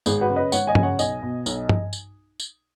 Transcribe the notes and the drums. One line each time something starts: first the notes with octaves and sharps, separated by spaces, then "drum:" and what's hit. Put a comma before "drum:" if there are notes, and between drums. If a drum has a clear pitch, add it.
G#1 G#4, drum: tambourine
F#4 B4
F#2 C#3
B4 D#5
G#1 C#5 F#5, drum: tambourine
D#5 G#5
F#2 C#3, drum: tom G2
C#5 F#5
B1 D#5 G#5, drum: tambourine
B2
B1, drum: tambourine
drum: tom G2
drum: tambourine
drum: tambourine